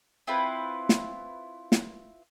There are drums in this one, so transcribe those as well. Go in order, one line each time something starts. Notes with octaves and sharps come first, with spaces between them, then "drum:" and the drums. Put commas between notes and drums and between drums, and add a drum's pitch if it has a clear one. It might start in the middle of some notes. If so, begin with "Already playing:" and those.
C4 E4 F4 B4
drum: snare
drum: snare